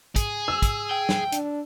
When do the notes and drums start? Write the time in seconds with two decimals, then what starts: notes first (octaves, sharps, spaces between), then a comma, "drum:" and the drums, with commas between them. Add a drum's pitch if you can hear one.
0.16 G#4, drum: kick, hi-hat
0.48 E6
0.62 drum: kick, hi-hat
0.91 G5
1.09 drum: snare
1.32 D4, drum: hi-hat